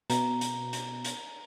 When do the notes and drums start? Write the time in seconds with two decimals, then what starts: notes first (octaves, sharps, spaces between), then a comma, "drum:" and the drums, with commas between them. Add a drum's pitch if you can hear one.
0.10 B2 A#5, drum: hi-hat
0.41 drum: hi-hat
0.73 drum: hi-hat
1.04 drum: hi-hat